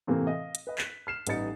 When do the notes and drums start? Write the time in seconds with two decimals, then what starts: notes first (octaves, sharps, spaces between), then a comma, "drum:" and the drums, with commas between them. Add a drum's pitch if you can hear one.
0.07 A2 C3 E3 A#3 C4
0.27 D#5 F5
0.55 drum: hi-hat
0.67 B4 D#5
0.78 F#6 B6, drum: clap
1.07 F6 C7 E7
1.27 A1 G3 B3 D#4 A6 C#7, drum: hi-hat